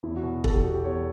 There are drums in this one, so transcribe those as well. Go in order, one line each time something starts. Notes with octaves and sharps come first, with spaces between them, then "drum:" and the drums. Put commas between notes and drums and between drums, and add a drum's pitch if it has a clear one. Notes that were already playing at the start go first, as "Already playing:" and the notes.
E2 E4
F#4
B2
E2 A4, drum: kick
G4
B2 F#4
G4
E2 C#5